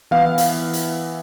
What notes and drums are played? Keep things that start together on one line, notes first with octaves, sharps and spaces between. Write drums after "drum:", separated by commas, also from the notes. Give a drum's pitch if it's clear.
E3 B3 E4 F5
drum: hi-hat
drum: hi-hat